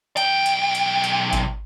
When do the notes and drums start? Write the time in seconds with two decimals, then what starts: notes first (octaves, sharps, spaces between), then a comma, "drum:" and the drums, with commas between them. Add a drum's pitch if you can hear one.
0.17 B1 G5, drum: hi-hat
0.46 drum: hi-hat
0.75 drum: hi-hat
1.04 drum: hi-hat
1.33 drum: kick G#1, hi-hat